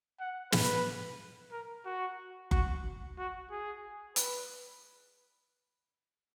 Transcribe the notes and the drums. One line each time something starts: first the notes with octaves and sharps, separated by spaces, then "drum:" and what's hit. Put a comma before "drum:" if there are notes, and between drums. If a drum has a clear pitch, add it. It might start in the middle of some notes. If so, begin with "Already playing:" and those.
F#5
B4, drum: snare
A#4
F#4
F#4, drum: kick F#1
F#4
G#4
B4, drum: hi-hat